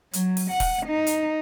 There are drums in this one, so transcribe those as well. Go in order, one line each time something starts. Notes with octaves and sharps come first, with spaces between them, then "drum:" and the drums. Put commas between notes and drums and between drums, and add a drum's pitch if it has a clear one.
F#3, drum: hi-hat
drum: open hi-hat
F#5
drum: kick E1, open hi-hat
D#4
drum: hi-hat